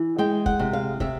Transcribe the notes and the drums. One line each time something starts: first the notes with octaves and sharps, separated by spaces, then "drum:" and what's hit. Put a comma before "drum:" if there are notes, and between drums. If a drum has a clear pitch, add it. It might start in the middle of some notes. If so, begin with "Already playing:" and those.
Already playing: E3
G#3 G5
F#5, drum: kick
C3
F5
C3 E5, drum: kick